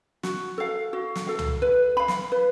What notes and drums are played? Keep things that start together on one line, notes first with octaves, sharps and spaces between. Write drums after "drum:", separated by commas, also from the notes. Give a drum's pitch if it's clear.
F#4, drum: snare
A4 F5
F#4
drum: snare
A4 F5
drum: tom
B4
F5 B5
drum: snare
B4